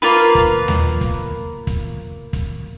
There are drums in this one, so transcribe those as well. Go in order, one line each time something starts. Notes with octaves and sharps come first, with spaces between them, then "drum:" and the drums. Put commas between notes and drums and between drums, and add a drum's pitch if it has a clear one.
A#3 F4 B4
drum: kick, hi-hat
drum: tom D#2
drum: kick, hi-hat
drum: kick, hi-hat
drum: kick, hi-hat